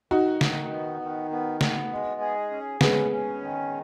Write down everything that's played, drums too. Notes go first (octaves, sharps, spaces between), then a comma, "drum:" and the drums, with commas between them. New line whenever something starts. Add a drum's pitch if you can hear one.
D#3 D#4 F#4
D#3, drum: snare
B3
D#3
B3
B3, drum: snare
G#3
G#4
C#4
G#3 B3 C#4, drum: snare
C#4
D#3